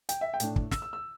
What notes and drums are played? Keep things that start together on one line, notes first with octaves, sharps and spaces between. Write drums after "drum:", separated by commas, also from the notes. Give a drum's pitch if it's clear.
G5, drum: hi-hat
E5
G5
A2 A3 D4, drum: hi-hat
drum: kick
E6, drum: snare
E6
E6